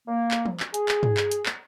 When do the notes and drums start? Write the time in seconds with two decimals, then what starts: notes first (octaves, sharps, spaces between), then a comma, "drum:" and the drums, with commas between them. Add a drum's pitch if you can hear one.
0.08 A#3
0.31 drum: clap
0.45 drum: tom E3
0.60 drum: clap
0.74 G#4, drum: hi-hat
0.88 drum: clap
1.03 drum: tom
1.17 drum: clap
1.31 drum: hi-hat
1.46 drum: clap